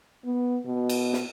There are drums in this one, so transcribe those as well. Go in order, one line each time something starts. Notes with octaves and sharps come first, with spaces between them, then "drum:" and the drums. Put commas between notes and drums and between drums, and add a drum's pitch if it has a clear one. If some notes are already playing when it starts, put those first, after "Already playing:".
B3
B2
drum: cymbal
drum: snare